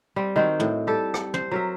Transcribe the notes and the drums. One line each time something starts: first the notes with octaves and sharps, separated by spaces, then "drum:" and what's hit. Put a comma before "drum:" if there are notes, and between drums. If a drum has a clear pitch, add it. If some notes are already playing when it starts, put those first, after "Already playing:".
G3 C4
D#3 C4 F#4
A2, drum: tom
G3 G4 A4
drum: rim click
C5, drum: tom
F#3 A#4 E5